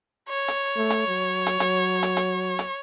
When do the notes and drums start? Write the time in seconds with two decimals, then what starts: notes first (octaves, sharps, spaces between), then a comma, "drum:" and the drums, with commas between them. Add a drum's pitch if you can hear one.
0.29 C#5
0.48 drum: hi-hat
0.76 A3
0.90 drum: hi-hat
1.08 F#3
1.47 drum: hi-hat
1.60 F#3, drum: hi-hat
2.03 drum: hi-hat
2.17 drum: hi-hat
2.59 drum: hi-hat